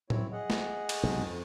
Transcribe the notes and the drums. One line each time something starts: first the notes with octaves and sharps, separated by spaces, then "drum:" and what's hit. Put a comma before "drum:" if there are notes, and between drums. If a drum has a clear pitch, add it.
C4 E4 C#5, drum: tom A2
G#4 D#5 F#5
drum: snare
drum: cymbal
B1 C3 G#3
F2